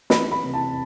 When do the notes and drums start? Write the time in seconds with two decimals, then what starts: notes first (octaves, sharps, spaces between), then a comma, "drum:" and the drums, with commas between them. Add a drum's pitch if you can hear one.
0.10 E3 B5, drum: snare
0.32 B5
0.43 C3
0.54 A5